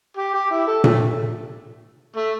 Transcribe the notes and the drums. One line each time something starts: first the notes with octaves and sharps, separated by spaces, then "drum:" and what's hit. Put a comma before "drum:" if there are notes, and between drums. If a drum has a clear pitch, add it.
G4
G4
E4
A4
A3, drum: tom A#2
A3